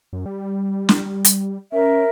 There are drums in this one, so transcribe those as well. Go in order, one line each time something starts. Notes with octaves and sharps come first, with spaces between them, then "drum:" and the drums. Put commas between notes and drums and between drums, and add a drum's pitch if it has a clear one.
F#2
G3
drum: snare
drum: hi-hat
C#4 A#4 E5